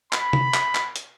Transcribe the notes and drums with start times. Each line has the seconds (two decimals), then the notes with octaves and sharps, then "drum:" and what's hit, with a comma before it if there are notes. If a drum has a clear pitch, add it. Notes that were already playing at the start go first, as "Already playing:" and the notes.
0.13 B5, drum: clap
0.33 drum: tom C3
0.54 drum: clap
0.75 drum: clap
0.96 drum: hi-hat